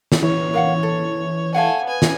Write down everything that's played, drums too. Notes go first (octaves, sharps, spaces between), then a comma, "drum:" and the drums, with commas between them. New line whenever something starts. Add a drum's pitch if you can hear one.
drum: snare
E3 C#5
A#4 F5 F#5
A4
A3 C#5 F5 F#5 G#5
B3 G#5
drum: snare